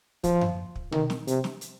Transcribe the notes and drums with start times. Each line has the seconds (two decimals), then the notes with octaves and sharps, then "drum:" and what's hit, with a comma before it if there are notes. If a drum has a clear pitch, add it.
0.24 F3, drum: kick, hi-hat
0.41 drum: tom F#2
0.75 drum: kick
0.92 D#3, drum: tom B2
1.10 drum: snare
1.27 C3, drum: hi-hat
1.44 drum: snare
1.61 drum: hi-hat